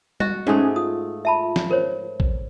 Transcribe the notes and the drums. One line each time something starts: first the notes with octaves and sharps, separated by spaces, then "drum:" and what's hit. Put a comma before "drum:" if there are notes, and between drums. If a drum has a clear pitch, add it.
F#4 D#5, drum: tom G3
G#2 A3 C#4 G#5 D#6
F4 D#6
E5 A5 B5
drum: snare
A#4 C5 C#5
drum: kick